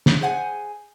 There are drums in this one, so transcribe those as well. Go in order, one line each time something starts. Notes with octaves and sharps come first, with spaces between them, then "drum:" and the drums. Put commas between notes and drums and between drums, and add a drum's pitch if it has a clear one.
drum: snare
G#4 C5 F#5 G#5